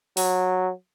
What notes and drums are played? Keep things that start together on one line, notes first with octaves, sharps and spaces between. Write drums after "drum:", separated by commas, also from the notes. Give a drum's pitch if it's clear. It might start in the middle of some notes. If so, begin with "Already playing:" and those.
F#3, drum: open hi-hat